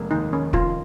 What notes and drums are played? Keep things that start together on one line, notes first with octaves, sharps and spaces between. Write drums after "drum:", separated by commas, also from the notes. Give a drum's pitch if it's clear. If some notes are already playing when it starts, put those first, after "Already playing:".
Already playing: F1 G#3 A#3
D#2 D#4
D#3 C#4
F1 F4, drum: kick